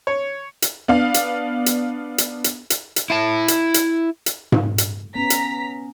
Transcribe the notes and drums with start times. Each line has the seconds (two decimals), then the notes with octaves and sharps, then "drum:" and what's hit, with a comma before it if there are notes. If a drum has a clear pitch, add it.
0.07 C#5
0.62 drum: hi-hat
0.88 B3 D4 F5
1.14 drum: hi-hat
1.66 drum: hi-hat
2.18 drum: hi-hat
2.44 drum: hi-hat
2.70 drum: hi-hat
2.96 drum: hi-hat
3.10 E4 A5
3.48 drum: hi-hat
3.74 drum: hi-hat
4.26 drum: hi-hat
4.52 drum: tom G#2
4.78 drum: hi-hat
5.16 B3 C#4 A#5 B6
5.30 drum: hi-hat